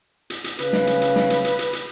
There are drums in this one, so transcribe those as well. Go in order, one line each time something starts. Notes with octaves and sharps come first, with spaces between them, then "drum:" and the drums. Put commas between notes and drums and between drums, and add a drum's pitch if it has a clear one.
drum: hi-hat
drum: hi-hat
C#3 B4, drum: hi-hat
drum: snare
drum: hi-hat
drum: hi-hat
drum: snare
drum: hi-hat
drum: hi-hat
drum: hi-hat
drum: hi-hat